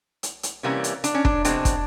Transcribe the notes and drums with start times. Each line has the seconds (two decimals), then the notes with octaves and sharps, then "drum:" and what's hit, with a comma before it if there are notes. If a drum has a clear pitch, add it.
0.23 drum: hi-hat
0.43 drum: hi-hat
0.63 C3 E3 G3 A#3 C#4
0.84 drum: hi-hat
1.04 D4, drum: hi-hat
1.14 C#4
1.25 D4, drum: kick
1.45 E2 B2 G#3 C4 D4, drum: hi-hat
1.65 drum: kick, hi-hat